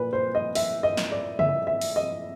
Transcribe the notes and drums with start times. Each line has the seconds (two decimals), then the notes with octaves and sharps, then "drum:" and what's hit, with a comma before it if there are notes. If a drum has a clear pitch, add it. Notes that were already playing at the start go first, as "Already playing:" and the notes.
Already playing: A#2 B4
0.13 C5
0.35 D#5
0.55 E5, drum: open hi-hat
0.83 D#5
0.97 drum: snare
1.11 D5
1.39 E5, drum: tom C#3
1.67 E5
1.82 drum: open hi-hat
1.96 D#5